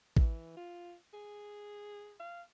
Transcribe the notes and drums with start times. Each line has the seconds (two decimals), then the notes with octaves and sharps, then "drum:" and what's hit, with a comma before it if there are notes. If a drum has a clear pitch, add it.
0.17 E3, drum: kick
0.57 F4
1.14 G#4
2.20 F5